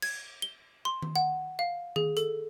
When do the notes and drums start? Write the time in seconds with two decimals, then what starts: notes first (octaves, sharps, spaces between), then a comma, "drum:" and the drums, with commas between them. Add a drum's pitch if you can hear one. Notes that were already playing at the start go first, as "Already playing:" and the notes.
0.02 G#6, drum: cymbal
0.42 G7
0.85 C6
1.02 drum: tom D#3
1.16 F#5
1.59 F5
1.96 G#4, drum: tom D#3
2.17 A4, drum: hi-hat